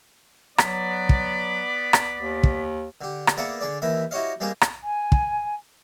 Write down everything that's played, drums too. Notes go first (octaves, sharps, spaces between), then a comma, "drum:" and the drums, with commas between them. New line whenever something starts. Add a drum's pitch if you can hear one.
F#3 B3 D5 B6, drum: rim click
drum: kick
drum: rim click
D#2
drum: kick
D3 G4
drum: rim click
A#3 B3 G#4 D5 E5 F#5
D3 G#4 D5
D#2 E3 A#4 E5 B5
E4 F#4 G4 C#5 D#5 F5
G3 G#3 A#3 C4 G4 G#4
drum: rim click
G#5
drum: kick